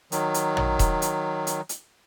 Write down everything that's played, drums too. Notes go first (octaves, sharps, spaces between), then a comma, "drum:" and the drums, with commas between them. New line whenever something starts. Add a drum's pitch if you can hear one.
D#3 F#3, drum: hi-hat
drum: hi-hat
drum: tom
drum: kick E1, hi-hat
drum: hi-hat
drum: hi-hat
drum: hi-hat